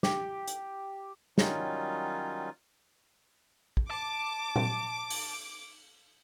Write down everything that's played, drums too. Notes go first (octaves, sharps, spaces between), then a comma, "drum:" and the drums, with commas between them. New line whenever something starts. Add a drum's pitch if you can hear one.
G4, drum: snare
drum: hi-hat
D#3 F#3 G3 C#4 D#4 F4, drum: snare
drum: kick
A5 D6
drum: tom A#2
drum: open hi-hat